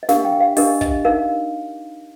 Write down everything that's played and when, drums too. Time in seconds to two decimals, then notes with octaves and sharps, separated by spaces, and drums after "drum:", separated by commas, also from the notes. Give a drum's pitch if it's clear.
0.03 D#5
0.09 D4 G4 A#4 F5, drum: snare
0.25 G5
0.40 F5
0.57 D4 G4 A#4 D#5, drum: open hi-hat
0.81 D#5, drum: kick
1.05 D#4 A#4 F5